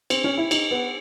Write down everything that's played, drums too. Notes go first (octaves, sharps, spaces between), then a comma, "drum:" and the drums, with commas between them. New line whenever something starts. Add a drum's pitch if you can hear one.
C4, drum: cymbal
C#4
E4
D#4, drum: cymbal
B3